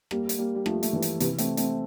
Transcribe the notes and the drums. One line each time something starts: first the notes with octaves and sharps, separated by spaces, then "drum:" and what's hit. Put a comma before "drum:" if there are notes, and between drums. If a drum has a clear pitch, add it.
G3 A#3, drum: rim click
drum: hi-hat
G3 A#3
G3
F3 A3, drum: rim click
A3, drum: hi-hat
E3 G3
drum: hi-hat
C3 E3, drum: hi-hat
A3 C4, drum: hi-hat
A3 C4, drum: hi-hat